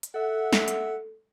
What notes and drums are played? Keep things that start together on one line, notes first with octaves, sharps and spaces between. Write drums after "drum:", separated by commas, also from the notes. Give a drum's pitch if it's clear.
drum: hi-hat
A4 E5 F#5
drum: snare
drum: hi-hat